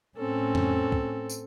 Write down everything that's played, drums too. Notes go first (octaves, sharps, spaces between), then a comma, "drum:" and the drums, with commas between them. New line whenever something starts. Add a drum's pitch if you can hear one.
A2 C4 C#4 A4
drum: tom F2
drum: kick C#2
drum: tambourine